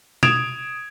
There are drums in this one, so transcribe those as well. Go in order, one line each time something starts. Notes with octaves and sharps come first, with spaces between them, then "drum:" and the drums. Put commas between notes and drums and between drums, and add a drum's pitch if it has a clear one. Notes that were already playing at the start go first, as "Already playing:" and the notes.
D#6 G#6 D7 E7 F7, drum: tom B2